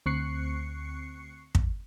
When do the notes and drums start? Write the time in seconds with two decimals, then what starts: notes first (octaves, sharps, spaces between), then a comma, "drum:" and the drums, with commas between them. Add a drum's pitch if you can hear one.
0.06 D2 C4 C#6 F#6 C7 C#7
1.55 drum: kick